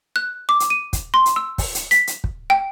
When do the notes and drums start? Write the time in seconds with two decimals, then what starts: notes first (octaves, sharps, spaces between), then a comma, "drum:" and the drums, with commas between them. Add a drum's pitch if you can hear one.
0.16 F#6
0.49 D6
0.60 drum: hi-hat
0.70 D#7
0.93 drum: kick, hi-hat
1.14 C6
1.26 drum: hi-hat
1.36 E6
1.58 drum: kick, open hi-hat
1.75 drum: hi-hat
1.91 B6, drum: hi-hat
2.07 drum: hi-hat
2.24 drum: kick
2.50 G5